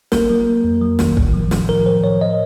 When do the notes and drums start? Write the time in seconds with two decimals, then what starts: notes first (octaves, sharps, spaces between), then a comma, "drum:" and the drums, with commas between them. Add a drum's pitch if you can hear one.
0.12 A#3 A#4, drum: snare
0.30 F#3
0.47 A#3
0.64 F2
0.81 F#3
0.99 D#3, drum: snare
1.17 A2, drum: kick
1.34 F3
1.51 A2, drum: snare
1.68 F3 A#4
1.86 A2 C5
2.03 A2 C#5
2.21 D#5